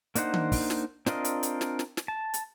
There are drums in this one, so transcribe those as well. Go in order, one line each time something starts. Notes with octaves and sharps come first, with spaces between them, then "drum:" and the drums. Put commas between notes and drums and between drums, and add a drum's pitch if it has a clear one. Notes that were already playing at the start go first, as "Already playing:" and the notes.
A#3 D4 D#4 C5 F#5, drum: hi-hat
drum: tom D#3
drum: kick, open hi-hat
drum: snare
C4 D4 F4 A#4 D#5, drum: snare
drum: hi-hat
drum: hi-hat
drum: snare
drum: snare
drum: snare
A5
drum: hi-hat